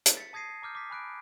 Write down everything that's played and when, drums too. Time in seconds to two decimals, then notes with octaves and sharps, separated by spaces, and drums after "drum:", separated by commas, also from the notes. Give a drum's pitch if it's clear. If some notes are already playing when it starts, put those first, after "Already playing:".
0.06 drum: hi-hat
0.17 A6 B6 C#7
0.33 A5 D#6 G#6 A#6 C7 D#7
0.62 A#5 D6 F6 G6
0.75 D6 B6
0.90 G#5 B5 F#6 D7